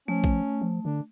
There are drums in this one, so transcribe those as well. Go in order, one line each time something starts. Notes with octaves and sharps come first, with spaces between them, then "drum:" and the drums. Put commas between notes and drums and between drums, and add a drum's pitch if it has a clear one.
F3 A3 C#4
drum: kick
F3
D3 D4